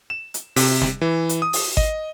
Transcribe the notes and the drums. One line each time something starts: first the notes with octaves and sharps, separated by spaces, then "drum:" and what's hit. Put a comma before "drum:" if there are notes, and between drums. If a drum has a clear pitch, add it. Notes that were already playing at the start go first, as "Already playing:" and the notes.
E7
drum: hi-hat
C3, drum: open hi-hat
drum: snare
E3
drum: hi-hat
D#6
drum: open hi-hat
D#5, drum: kick G#1